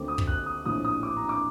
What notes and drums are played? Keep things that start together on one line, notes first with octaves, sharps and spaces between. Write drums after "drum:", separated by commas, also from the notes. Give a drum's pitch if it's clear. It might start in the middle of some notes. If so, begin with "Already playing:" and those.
Already playing: D2 D3 A3 C4 D6
D#6
drum: kick
F#6
D#6
A#1 A2 A3 C4 D#6
D#6
D6
A#5
D6